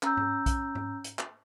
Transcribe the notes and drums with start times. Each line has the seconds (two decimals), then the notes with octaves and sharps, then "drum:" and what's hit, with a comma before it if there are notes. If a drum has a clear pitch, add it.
0.03 C#4 A#5 E6 G6, drum: clap
0.17 drum: tom G#2
0.46 drum: kick B1, hi-hat
0.75 drum: tom G#2
1.04 drum: hi-hat
1.19 drum: clap